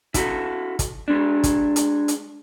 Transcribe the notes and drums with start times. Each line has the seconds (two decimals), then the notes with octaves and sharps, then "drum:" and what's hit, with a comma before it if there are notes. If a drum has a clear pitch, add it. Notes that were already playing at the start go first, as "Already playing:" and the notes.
0.14 E4 F#4 A4, drum: kick, hi-hat
0.79 drum: kick, hi-hat
1.08 G#3 D4
1.44 drum: kick, hi-hat
1.76 drum: hi-hat
2.08 drum: hi-hat